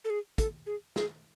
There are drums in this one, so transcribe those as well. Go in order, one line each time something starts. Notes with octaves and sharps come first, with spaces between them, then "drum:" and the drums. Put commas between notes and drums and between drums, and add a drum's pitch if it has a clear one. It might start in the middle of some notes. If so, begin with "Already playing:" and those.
A4
G#4
A4, drum: kick, hi-hat
G#4
G#4, drum: snare